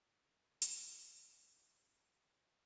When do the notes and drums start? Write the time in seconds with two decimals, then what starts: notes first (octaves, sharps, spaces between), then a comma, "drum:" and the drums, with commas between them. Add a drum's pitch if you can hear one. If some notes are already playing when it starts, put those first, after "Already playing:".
Already playing: C2 C3 F3
0.30 A#4
0.62 C#3 F3 A#3, drum: hi-hat
1.54 G4
1.85 A#2 G#3 C#4 F4 G#4